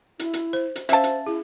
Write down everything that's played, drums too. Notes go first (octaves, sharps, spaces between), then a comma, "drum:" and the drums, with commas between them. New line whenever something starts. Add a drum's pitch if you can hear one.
E4, drum: hi-hat
drum: hi-hat
C5
drum: hi-hat
C#4 C5 E5 F5 A5, drum: hi-hat
drum: hi-hat
E4 G#4